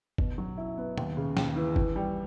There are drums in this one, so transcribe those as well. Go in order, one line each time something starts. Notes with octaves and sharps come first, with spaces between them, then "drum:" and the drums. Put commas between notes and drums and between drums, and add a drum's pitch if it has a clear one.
B2, drum: kick
F#3
E4
B3
D#2, drum: tom A#2
C#3
D#2, drum: snare
E3
E3, drum: kick
G3